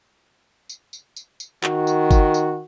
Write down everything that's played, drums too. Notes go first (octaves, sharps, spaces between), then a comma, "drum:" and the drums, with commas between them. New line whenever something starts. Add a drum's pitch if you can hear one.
drum: tambourine
drum: tambourine
drum: tambourine
drum: tambourine
D#3 F#4, drum: clap
drum: tambourine
drum: kick G1, tambourine
drum: tambourine